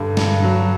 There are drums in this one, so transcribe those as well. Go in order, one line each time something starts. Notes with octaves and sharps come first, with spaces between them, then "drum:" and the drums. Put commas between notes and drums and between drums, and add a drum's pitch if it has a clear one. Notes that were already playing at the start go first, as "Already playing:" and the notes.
Already playing: G2 D3
G2, drum: snare
F#3